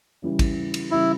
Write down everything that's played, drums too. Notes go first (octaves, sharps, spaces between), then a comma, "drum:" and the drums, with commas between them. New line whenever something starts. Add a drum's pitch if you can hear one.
C#3 E3 G3
drum: kick, cymbal
drum: cymbal
C#3 E3 G3 E4